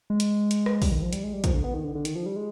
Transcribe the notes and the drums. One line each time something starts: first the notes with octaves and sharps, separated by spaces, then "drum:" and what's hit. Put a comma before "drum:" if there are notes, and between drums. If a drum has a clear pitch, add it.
G#3
drum: hi-hat
drum: hi-hat
drum: rim click
G3, drum: kick, open hi-hat
D#3
F3
G3, drum: hi-hat
G#3
G3
F3, drum: kick, hi-hat
D3
B3
D#3
D3
D3
D#3, drum: hi-hat
F3
G3
G#3